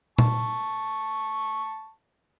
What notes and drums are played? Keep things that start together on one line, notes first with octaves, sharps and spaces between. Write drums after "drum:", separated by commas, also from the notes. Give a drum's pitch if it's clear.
A5 C#6, drum: tom A#2